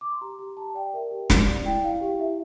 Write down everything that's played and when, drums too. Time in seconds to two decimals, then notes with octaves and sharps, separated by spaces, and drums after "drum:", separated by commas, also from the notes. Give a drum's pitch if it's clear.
0.01 D6
0.12 C6
0.21 G4 A#5
0.39 G4 A#5
0.57 G4 A5
0.75 D5 G5
0.94 A#4 E5
1.11 G4
1.30 D5, drum: snare
1.47 D5
1.65 E4 G5
1.83 E4 F5
2.01 G4
2.19 E4 E5